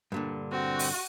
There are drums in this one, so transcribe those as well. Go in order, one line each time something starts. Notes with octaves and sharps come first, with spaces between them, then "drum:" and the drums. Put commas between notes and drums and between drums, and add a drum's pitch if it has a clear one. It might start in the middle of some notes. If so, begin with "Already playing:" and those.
G2 A#2 D3
C4 F#4
drum: open hi-hat